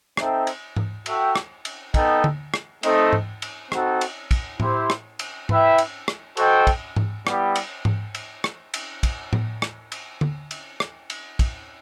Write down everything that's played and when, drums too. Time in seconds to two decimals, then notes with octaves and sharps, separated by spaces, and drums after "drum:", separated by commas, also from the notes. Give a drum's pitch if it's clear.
0.17 C4 D#4 A4 E5 G5, drum: rim click
0.47 drum: cymbal
0.76 drum: tom G#2
1.06 F#4 A4 E5 G5, drum: cymbal
1.36 drum: rim click
1.65 drum: cymbal
1.94 B3 D#4 A4 D#5 G5, drum: kick, cymbal
2.24 drum: tom
2.54 drum: rim click
2.83 A3 C4 D#4 A4 D#5, drum: cymbal
3.13 drum: tom G#2
3.42 drum: cymbal
3.72 C4 D#4 F#4 A4, drum: rim click
4.01 drum: cymbal
4.31 drum: kick, cymbal
4.60 E4 G4 C5 E5, drum: tom A2
4.90 drum: rim click
5.19 drum: cymbal
5.49 E4 B4 E5 G5, drum: tom G#2
5.78 drum: cymbal
6.08 drum: rim click
6.37 F#4 A4 C5 D#5 G5, drum: cymbal
6.67 drum: kick, cymbal
6.96 drum: tom G#2
7.27 G3 B3 E4 G4, drum: rim click
7.56 drum: cymbal
7.85 drum: tom G#2
8.15 drum: cymbal
8.44 drum: rim click
8.74 drum: cymbal
9.03 drum: kick, cymbal
9.33 drum: tom A2
9.62 drum: rim click
9.92 drum: cymbal
10.21 drum: tom
10.51 drum: cymbal
10.80 drum: rim click
11.10 drum: cymbal
11.39 drum: kick, cymbal